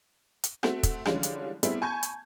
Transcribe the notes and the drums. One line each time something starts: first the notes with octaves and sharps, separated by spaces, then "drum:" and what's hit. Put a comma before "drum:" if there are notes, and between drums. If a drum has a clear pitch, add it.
drum: hi-hat
A3 C4 F#4, drum: rim click
drum: kick, hi-hat
D3 E3 F3 G3 G#3 C#4, drum: rim click
drum: hi-hat
G3 A3 B3 C4 E4 G#4, drum: hi-hat
G#5 A5 B5 C#6 G6 G#6
drum: hi-hat